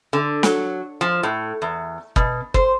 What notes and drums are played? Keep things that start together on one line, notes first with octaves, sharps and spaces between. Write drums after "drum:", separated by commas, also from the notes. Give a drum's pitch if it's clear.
D3
F#3, drum: snare
F3
A2
E2
B2, drum: kick
C5, drum: kick